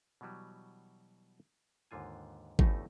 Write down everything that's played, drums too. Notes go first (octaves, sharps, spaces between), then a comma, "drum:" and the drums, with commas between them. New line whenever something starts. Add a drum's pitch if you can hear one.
B2 E3 F#3 G3
D#2 G#2 D3 F4 G#5
G1 E2 A2 E3 A3 D#4, drum: kick G#1